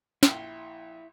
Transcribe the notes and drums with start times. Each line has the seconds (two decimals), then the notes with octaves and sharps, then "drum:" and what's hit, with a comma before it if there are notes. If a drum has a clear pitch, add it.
0.23 A#1 E4 G5 C6, drum: snare